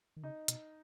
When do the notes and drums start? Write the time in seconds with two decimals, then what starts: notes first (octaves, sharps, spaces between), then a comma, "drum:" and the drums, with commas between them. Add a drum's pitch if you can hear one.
0.16 D#3
0.23 C#3 D#4
0.48 B2, drum: hi-hat